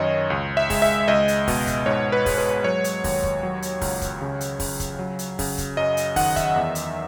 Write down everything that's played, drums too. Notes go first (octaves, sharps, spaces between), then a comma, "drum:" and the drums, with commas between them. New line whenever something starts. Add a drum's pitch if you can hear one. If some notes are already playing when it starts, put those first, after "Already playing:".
Already playing: F#2 D#3 C#5 D#5
C#2
E5
G#3, drum: kick, open hi-hat
E5
C#2 D#5
drum: hi-hat
B2, drum: kick, open hi-hat
drum: kick, hi-hat
G#2 C#5
B4
G#3, drum: kick, open hi-hat
B4
F#3 C#5
drum: hi-hat
D#2, drum: kick, open hi-hat
drum: kick
F#3
drum: hi-hat
C#2, drum: kick, open hi-hat
drum: kick, hi-hat
C#3
drum: hi-hat
C#3, drum: kick, open hi-hat
drum: kick, hi-hat
F#3
drum: hi-hat
C#3, drum: kick, open hi-hat
drum: kick, hi-hat
F#2 D#5
drum: hi-hat
D#3 F#5, drum: kick, open hi-hat
E5, drum: kick, hi-hat
E2
drum: hi-hat